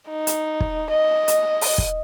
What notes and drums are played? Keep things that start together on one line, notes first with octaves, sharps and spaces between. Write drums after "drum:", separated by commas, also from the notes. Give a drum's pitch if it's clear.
D#4
drum: hi-hat
drum: kick
D#5
drum: hi-hat
drum: open hi-hat
drum: kick